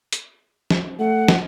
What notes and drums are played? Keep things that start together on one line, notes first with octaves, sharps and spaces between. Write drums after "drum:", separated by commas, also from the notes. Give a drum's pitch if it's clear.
drum: hi-hat
drum: snare
A3 F#5
drum: snare